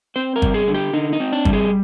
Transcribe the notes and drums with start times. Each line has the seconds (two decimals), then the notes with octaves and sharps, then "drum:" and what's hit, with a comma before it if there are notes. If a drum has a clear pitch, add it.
0.16 C4 C5
0.36 A#4
0.42 G3, drum: kick
0.54 G#4
0.68 D3
0.74 G4
0.93 D3 D#4
1.13 D#4
1.20 C4
1.33 D4
1.45 G3, drum: kick
1.53 G#4